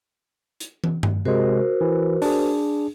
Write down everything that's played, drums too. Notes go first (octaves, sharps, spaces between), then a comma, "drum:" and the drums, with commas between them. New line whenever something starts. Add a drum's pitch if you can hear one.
drum: hi-hat
drum: tom
drum: tom G2
C3 G#3 F#4 A#4 C5
E3
D4 G#4, drum: open hi-hat